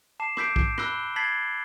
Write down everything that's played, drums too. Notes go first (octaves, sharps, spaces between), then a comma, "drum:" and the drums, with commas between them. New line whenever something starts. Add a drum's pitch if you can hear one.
A5 D6 C7 E7
D6 E6 G6 B6 C7 D7, drum: rim click
drum: kick
B5 E6 F#6 G7, drum: rim click
A5 G#6 A6 B6 C7 F#7